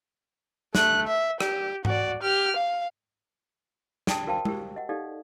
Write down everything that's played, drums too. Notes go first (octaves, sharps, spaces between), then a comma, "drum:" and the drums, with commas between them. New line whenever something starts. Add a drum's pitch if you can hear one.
A3 F#6, drum: snare
E5
G4, drum: rim click
F#4 D5, drum: tom G#2
G4 F6
F5
D5 G5 A5 B5 D#6, drum: snare
F#4 A#4 C5 F5 G5 A5
G4 A#4 E6, drum: tom G#3
D#5 F#5
D#4 G4 A4 D5 F5